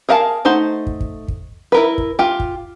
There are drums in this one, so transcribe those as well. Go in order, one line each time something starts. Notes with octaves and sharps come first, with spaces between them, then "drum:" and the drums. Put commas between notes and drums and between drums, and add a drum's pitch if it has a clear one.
G#4 A#4 F5 G5 A5
A3 D#4 C5 F#5
drum: kick
drum: kick
drum: kick
E4 A#4 B4
drum: kick
F4 G4
drum: kick